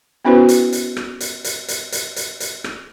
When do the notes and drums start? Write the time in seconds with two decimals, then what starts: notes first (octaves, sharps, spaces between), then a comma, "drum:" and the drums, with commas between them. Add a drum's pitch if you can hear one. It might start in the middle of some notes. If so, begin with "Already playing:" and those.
0.25 B3 C#4 E4 F#4 B4 C5
0.49 drum: hi-hat
0.73 drum: hi-hat
0.96 drum: rim click
1.20 drum: hi-hat
1.44 drum: hi-hat
1.68 drum: hi-hat
1.92 drum: hi-hat
2.16 drum: hi-hat
2.40 drum: hi-hat
2.64 drum: rim click